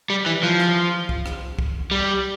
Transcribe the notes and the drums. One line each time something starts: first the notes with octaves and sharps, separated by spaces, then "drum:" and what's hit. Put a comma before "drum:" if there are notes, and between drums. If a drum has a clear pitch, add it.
G3
E3
F3
drum: rim click
drum: kick C2
drum: rim click
drum: kick C2
G3